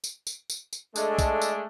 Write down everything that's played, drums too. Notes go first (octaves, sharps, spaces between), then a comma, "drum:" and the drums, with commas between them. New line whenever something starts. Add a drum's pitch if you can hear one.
drum: tambourine
drum: tambourine
drum: tambourine
drum: tambourine
G#3 A3 D4 A4 D#5, drum: tambourine
drum: kick, tambourine
drum: tambourine